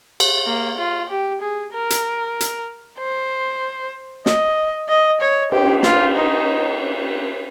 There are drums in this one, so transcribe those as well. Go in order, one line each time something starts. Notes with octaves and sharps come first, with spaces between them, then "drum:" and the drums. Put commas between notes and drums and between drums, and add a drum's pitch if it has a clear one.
drum: cymbal
A#3
F4
G4
G#4
A#4
drum: hi-hat
drum: hi-hat
C5
D#5, drum: snare
D#5
C#5
G4, drum: cymbal
F4, drum: snare
D#4